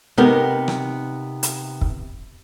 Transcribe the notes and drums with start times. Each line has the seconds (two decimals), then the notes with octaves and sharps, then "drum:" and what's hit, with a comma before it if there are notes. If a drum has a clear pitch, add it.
0.18 C3 B3 D#4 G4 A#4
0.68 drum: rim click
1.43 drum: hi-hat
1.81 drum: kick